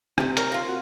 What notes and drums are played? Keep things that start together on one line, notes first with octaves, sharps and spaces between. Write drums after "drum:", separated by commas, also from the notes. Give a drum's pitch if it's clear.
C3 G3 G4, drum: rim click
G3 A#4 C#5, drum: hi-hat
A#3 F4
F#4